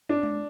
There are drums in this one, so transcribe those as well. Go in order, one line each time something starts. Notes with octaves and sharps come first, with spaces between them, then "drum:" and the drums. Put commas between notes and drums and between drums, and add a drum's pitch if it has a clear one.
D4
drum: tom G#3